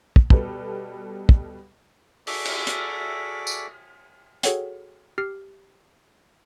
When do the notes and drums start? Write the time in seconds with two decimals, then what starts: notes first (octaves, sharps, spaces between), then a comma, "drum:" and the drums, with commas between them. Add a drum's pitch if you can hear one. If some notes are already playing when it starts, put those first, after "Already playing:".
0.16 drum: kick
0.30 B2 G3 A4 B4, drum: kick
1.29 drum: kick
2.27 F#4 G#4 A4 D5 E5 D6, drum: open hi-hat
2.45 drum: cymbal
2.67 drum: hi-hat
3.47 drum: tambourine
4.43 F#4 G#4 A4 C#5 F#5 G5, drum: hi-hat
5.18 G4 F6 C7